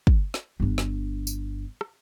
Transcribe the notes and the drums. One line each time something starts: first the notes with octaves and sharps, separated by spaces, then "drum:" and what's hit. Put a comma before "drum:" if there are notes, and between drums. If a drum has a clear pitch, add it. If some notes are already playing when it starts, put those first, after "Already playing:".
drum: kick
drum: snare
G1 D4
drum: snare
drum: tambourine
drum: rim click